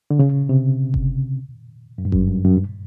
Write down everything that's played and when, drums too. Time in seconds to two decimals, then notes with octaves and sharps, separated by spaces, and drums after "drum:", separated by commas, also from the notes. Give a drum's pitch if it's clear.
0.10 D3
0.19 C#3
0.49 C3
0.94 drum: kick F#1
1.98 F#2
2.05 G2
2.12 F#2, drum: kick F#1
2.28 G2
2.45 F#2
2.57 G2